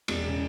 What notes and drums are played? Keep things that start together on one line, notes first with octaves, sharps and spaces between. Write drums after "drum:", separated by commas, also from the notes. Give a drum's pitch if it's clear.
E1, drum: cymbal
C#3